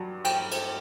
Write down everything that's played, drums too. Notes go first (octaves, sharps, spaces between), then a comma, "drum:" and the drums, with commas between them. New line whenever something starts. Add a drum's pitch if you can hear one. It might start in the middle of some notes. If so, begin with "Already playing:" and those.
Already playing: G2 F#3
G5, drum: cymbal
drum: cymbal